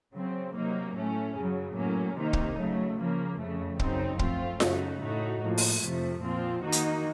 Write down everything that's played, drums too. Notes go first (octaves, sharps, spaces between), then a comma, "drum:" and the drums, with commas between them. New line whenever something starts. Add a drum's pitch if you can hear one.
C#3 F#3 C4
C3 F#3 A#3 D#4
A2 A3 C#4
F#2 C#3 F#3
A2 F#3 A#3 C#4
C3 D#3 A#3 D#4
drum: kick
C#3 F#3 A3
C#3 F3 A#3
F2 C#3 A3
F#2 C#3 F#3 C4 D#4, drum: kick
F3 A3 C4 F4, drum: kick
F#2 C#3 A3 D#4 F#4, drum: snare F4
A2 A3 D#4 F#4
A2 F3 A#3
drum: open hi-hat
F2 C3 F3 A3
A#2 F3 C4 F4
D#3 A#3 D#4 F#4
drum: hi-hat